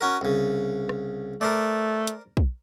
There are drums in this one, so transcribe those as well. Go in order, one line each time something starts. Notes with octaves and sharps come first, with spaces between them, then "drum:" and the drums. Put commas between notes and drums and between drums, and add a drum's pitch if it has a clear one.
C#4 F#4 A#4
C2 C#3
drum: rim click
A3 A#4 C5 D5
drum: hi-hat
drum: kick